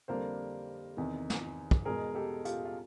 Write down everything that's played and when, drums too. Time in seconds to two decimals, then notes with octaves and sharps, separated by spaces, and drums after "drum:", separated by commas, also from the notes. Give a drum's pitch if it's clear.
0.08 F2 D3 G3 A#3 D4 A#4 C5
0.97 E2 C3 D#3
1.30 drum: snare
1.71 drum: kick
1.85 E2 B2 G#3 B3 G#4 A#4
2.15 G4 A4
2.45 F4 G4, drum: hi-hat
2.65 F4